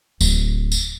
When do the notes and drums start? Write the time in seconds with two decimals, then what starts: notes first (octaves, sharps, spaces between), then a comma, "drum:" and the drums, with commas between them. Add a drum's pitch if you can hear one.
0.21 D1, drum: tambourine
0.72 drum: tambourine